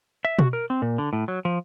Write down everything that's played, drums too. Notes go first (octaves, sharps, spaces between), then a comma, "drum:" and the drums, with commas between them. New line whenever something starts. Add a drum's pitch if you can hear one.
E5
F#4, drum: tom B2
A#4
C4
A#2
D3
A2
F#3
F3